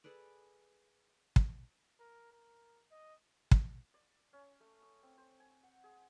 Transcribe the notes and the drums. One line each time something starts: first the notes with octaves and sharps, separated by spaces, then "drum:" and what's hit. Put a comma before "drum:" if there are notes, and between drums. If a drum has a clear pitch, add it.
G#4 A4 B4 D5
drum: kick
A#4
A#4
D#5
drum: kick
D5
C#4
A3
D#6
C4
C5
G#5
F#5
G#4